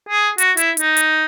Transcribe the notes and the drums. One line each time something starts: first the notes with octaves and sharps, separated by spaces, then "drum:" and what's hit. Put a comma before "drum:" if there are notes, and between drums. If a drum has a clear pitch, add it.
G#4
F#4, drum: hi-hat
E4, drum: hi-hat
D#4, drum: hi-hat
drum: hi-hat